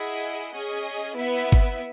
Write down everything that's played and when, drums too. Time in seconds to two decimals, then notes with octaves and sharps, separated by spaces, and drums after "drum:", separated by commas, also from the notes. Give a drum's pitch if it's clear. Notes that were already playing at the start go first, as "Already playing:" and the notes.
Already playing: E4 G#4 D#5 F#5
0.52 C#4 G#4 D#5
1.15 B3 E4 B4 E5
1.52 drum: kick G1